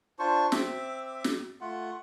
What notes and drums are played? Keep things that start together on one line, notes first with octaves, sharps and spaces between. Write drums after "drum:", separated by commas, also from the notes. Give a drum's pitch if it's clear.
D4 F4 C5 C#6
C4 E5 D6, drum: snare
drum: snare
A3 F4 F#5